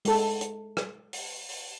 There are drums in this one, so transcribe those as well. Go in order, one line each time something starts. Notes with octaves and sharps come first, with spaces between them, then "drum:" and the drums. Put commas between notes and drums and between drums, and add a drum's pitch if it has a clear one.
G#3 A4, drum: open hi-hat
drum: hi-hat
drum: rim click
drum: open hi-hat
drum: open hi-hat